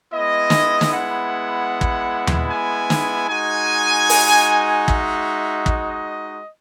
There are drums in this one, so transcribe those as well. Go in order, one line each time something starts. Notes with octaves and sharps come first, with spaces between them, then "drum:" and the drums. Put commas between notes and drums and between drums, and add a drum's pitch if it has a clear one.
G#3 B3 E4 D#5
drum: snare
drum: snare
F#5
drum: kick
drum: tom D#2
G#5
drum: snare
G#3 D#4 F#4 G#5
drum: open hi-hat
E5, drum: kick
D#5, drum: kick